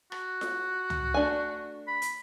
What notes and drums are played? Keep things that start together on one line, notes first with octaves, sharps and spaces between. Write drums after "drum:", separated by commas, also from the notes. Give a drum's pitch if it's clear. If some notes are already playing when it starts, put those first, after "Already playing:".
F#4, drum: rim click
drum: snare F4
drum: tom C#2
A3 D4 G#5
B5
drum: hi-hat